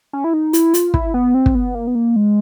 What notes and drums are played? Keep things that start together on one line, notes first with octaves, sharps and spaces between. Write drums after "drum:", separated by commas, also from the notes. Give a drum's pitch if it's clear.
C#4
E4
D#4
E4, drum: hi-hat
F4, drum: hi-hat
E4, drum: kick
B3
C4
drum: kick
B3
A#3
B3
A#3
G#3